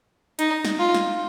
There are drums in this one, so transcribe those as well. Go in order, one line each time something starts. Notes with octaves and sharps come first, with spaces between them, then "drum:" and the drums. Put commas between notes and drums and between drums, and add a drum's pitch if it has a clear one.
D#4, drum: hi-hat
drum: snare
F4
drum: snare